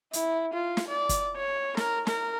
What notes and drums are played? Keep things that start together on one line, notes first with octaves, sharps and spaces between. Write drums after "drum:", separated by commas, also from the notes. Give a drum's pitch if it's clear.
E4, drum: hi-hat
F4
drum: snare
D5
drum: kick, hi-hat
C#5
A#4, drum: snare
A#4, drum: snare